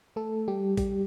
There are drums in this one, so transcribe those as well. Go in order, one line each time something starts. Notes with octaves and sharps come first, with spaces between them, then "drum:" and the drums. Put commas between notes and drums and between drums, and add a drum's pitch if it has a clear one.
A3 A4
G3 G4
G3 G4, drum: kick, open hi-hat